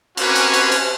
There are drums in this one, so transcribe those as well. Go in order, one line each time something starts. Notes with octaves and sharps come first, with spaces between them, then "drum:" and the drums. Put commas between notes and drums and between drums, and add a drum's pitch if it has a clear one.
A#3 C4 C#4 F#4 A#4 B4, drum: cymbal
drum: cymbal
drum: cymbal
drum: cymbal